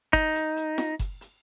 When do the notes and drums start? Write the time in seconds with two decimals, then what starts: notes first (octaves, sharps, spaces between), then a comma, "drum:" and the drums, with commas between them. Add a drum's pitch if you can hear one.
0.13 D#4, drum: kick F#1, hi-hat
0.35 drum: hi-hat
0.56 drum: hi-hat
0.78 drum: snare
0.99 drum: kick F#1, hi-hat
1.21 drum: hi-hat